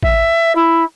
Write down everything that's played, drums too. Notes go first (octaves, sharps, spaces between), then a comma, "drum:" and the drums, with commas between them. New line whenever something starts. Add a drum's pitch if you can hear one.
E5, drum: kick A1
E4